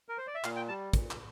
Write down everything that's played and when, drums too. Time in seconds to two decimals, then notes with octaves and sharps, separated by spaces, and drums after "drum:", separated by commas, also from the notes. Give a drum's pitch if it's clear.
0.09 A#4
0.18 C5
0.27 D5
0.35 E5
0.44 A#2 F5, drum: clap
0.56 G5
0.68 G3 A5
0.93 A#2, drum: kick, hi-hat
1.11 drum: clap